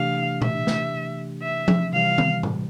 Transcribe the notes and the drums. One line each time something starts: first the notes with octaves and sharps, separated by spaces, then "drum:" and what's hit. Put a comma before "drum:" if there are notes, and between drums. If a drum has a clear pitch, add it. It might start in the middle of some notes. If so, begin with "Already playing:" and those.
Already playing: C3 E3 A3 D4 G4 F5
E5, drum: tom A#2
drum: snare
E5
drum: tom F3
C3 E3 G3 F5
drum: tom
drum: tom A2